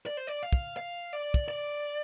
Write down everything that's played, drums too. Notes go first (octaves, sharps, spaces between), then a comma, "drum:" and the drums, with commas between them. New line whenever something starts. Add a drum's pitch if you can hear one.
D5
C5
D5
F5
drum: kick
F5
D5
drum: kick
D5